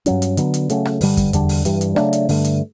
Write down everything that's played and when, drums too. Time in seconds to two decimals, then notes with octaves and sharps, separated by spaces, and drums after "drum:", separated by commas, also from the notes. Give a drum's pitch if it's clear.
0.06 G2 F#3 C#4, drum: hi-hat
0.22 drum: hi-hat
0.37 D3 F#3 B3, drum: hi-hat
0.54 drum: hi-hat
0.70 C#3 F#3 A3 C#4, drum: hi-hat
0.85 drum: rim click
1.01 G2 D3 G3, drum: open hi-hat
1.17 drum: kick F#2, hi-hat
1.33 E2 D3 G3 D4, drum: hi-hat
1.49 drum: open hi-hat
1.65 G2 E3 G3, drum: hi-hat
1.81 drum: hi-hat
1.96 C#3 F#3 A3 D4, drum: rim click
2.13 drum: hi-hat
2.29 G2 D3 A3, drum: open hi-hat
2.44 drum: hi-hat